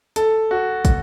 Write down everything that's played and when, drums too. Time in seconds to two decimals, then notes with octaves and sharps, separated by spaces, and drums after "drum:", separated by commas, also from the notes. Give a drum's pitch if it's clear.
0.16 A4, drum: hi-hat
0.51 F#4
0.85 drum: kick, hi-hat